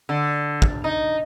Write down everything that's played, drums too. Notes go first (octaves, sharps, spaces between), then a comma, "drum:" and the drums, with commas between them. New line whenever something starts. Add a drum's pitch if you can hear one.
D3
drum: kick
D#4